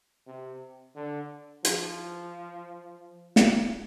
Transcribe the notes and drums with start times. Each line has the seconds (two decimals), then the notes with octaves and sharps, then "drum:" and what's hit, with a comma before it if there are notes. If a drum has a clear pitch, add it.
0.27 C3
0.95 D3
1.65 F3, drum: hi-hat
3.36 drum: snare